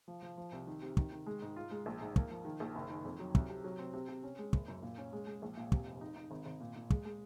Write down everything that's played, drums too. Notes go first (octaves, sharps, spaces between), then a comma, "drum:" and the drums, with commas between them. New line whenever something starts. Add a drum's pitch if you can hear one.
F3
F3
F3
C2
D#3
C3
D#3, drum: kick
D#3
G#3
G#2
F4
G#3
A#1
G#2
A#3, drum: kick
F3
D#3
A#1
F#1
D#3
F2
F#3
C2, drum: kick
C3
F#3
C4
C3
C3
C#4
G#3
F#1, drum: kick
F#2
A#2
C#4
G#3
G#3
A#1
A#2
C3, drum: kick
F1
D#4
D#4
G#1
G#1
A#2
A#2
G#3, drum: kick
G#3